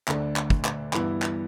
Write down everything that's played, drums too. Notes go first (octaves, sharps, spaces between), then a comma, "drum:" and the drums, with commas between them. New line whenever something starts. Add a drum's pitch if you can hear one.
D2 D3 A3 D4, drum: clap
drum: clap
drum: kick
drum: clap
G2 E3 B3 E4, drum: clap
drum: clap